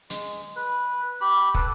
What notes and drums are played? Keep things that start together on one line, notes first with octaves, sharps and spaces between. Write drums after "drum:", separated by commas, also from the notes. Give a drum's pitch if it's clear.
G#3, drum: hi-hat
B4
G4 B5
A4 B4, drum: kick